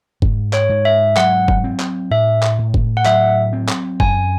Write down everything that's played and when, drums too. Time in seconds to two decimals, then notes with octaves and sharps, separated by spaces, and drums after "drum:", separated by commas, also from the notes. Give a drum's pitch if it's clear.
0.22 G#2, drum: kick F#1
0.53 C#5, drum: clap
0.69 G#2
0.85 E5
1.17 F#3 F#5, drum: clap
1.48 drum: kick F#1
1.64 C4
1.80 drum: clap
2.11 A2 E5
2.43 drum: clap
2.58 A2
2.74 drum: kick F#1
2.97 F#5
3.06 F#3 E5, drum: clap
3.53 C4
3.69 drum: clap
4.00 F#2 G#5, drum: kick F#1